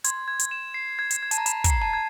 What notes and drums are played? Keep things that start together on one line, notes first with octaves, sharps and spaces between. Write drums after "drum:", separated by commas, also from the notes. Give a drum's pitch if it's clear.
C6 G#6, drum: hi-hat
G#6
drum: hi-hat
E7
C7
G#6
drum: hi-hat
G#6
A5, drum: hi-hat
A#5
B5 E7, drum: hi-hat
A#5, drum: kick, hi-hat
C7
A5
G#6